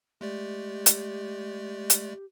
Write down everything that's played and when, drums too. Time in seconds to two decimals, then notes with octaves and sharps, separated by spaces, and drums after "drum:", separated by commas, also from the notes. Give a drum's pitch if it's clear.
0.21 G#3 A3 G4 D5
0.86 drum: hi-hat
1.90 drum: hi-hat